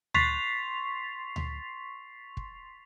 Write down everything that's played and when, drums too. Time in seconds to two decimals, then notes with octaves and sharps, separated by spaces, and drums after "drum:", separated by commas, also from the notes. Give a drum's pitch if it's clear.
0.14 C6 C#6 A6 B6 C7 F7, drum: tom D2
1.36 drum: tom D2
2.37 drum: kick